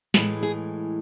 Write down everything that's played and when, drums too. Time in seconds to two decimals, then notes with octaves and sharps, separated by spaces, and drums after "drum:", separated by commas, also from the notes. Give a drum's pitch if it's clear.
0.14 A2 E3 G#3, drum: snare
0.43 G#4